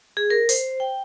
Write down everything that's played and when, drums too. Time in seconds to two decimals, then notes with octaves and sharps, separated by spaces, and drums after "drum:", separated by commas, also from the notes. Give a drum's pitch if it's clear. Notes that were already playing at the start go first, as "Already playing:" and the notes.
0.17 G#4
0.30 A#4
0.49 C5, drum: open hi-hat
0.80 G5